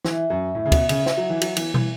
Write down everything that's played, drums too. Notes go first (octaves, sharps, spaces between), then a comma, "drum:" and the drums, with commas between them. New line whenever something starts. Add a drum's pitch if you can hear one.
E3 E5, drum: snare
F#2 E5
A2 E5
C#3
B2, drum: kick, cymbal
E5
C#3, drum: cymbal
E4, drum: snare
F#3
E3 B4
F#3, drum: cymbal
E3 B3, drum: cymbal
E3, drum: tom